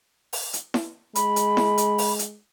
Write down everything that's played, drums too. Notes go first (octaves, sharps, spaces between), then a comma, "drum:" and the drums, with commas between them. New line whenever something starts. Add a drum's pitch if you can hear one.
drum: open hi-hat
drum: hi-hat
drum: snare E4
G#3 B5, drum: hi-hat
drum: hi-hat
drum: snare E4
drum: hi-hat
drum: open hi-hat
drum: hi-hat